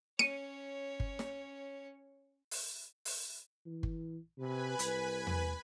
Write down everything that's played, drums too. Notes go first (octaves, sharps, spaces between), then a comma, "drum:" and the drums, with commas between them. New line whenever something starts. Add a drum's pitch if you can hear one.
C#4 C#5 C#7 D#7, drum: snare
drum: kick G1
drum: snare
drum: open hi-hat
drum: open hi-hat
E3
drum: kick G1
C3 B4 G#5 B5
C2, drum: hi-hat
drum: tom E2